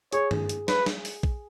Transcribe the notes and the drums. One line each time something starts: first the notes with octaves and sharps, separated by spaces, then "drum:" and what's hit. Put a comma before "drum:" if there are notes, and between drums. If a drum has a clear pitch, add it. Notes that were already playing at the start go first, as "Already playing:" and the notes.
G#4 C#5, drum: hi-hat
drum: tom
drum: hi-hat
B4, drum: snare
drum: snare
drum: open hi-hat
drum: kick